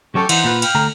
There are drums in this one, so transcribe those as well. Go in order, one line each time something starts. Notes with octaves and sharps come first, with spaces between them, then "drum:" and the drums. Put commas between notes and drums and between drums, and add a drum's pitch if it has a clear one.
F#3 A3 C#4 G4 A4 C#6
E3 D#4 C5 F#5, drum: cymbal
A#2 F4 B4
F5 G5, drum: cymbal
D2 D3 A#5